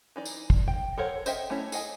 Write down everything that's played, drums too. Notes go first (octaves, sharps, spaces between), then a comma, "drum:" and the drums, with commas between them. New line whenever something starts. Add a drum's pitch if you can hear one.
E3 D#4 D5
drum: tambourine
drum: kick
G5
A4 A#4 C5 C#5 F#5
C5 D#5 E5 G5, drum: tambourine
A3 C#4 E4 C#5
G#4 A4 D#5 G5 G#5, drum: tambourine